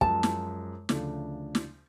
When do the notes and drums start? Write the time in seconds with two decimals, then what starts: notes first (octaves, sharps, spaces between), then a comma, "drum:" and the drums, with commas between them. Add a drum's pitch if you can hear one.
0.01 F#2 F3 G#3 A5, drum: kick
0.23 drum: snare
0.89 D2 C#3 F3 A3 D4, drum: snare
1.55 drum: snare